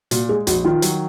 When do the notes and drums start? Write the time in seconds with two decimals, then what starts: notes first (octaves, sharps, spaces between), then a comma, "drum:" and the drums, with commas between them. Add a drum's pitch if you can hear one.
0.11 A#2 F#4, drum: hi-hat
0.29 G#3 G#4
0.47 A#1 F#4, drum: hi-hat
0.64 D#3 F4
0.82 F#3, drum: hi-hat